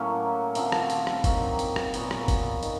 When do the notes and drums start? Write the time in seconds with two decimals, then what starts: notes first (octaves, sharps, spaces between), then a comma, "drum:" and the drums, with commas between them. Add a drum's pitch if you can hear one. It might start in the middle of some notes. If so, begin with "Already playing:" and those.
Already playing: A2 F#3 A#3 C#4
0.55 D3 F3 A3 C4, drum: hi-hat
0.72 drum: rim click
0.90 drum: hi-hat
1.07 drum: rim click
1.24 F#3 A#3 D#4 G4, drum: kick G1, hi-hat
1.59 drum: hi-hat
1.76 drum: rim click
1.94 A#2 F#3 B3, drum: hi-hat
2.11 drum: rim click
2.28 drum: kick G1, hi-hat
2.63 D#3, drum: hi-hat